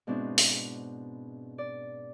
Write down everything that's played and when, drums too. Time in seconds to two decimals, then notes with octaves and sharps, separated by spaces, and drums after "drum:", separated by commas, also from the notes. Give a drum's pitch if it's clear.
0.07 G#2 B2 C4 D4 E4
0.38 drum: open hi-hat
1.58 D5